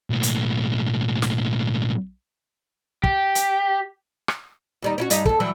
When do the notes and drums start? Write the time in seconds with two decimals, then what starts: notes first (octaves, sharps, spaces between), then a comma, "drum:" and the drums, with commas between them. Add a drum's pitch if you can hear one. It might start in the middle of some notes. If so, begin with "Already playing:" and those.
0.10 B1 A2
0.23 drum: hi-hat
1.22 drum: snare
3.04 G4, drum: kick
3.35 drum: hi-hat
4.28 drum: rim click
4.82 D#2 G3 D#4
4.98 C#4 E4 F#4
5.10 G2 G3 D#4, drum: hi-hat
5.26 D#2 A4, drum: kick
5.40 E3 F#3 G3